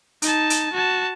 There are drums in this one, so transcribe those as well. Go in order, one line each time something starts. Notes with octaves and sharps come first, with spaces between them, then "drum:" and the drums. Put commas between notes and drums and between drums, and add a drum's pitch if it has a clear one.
D#4 A5, drum: hi-hat
drum: hi-hat
F#4 A5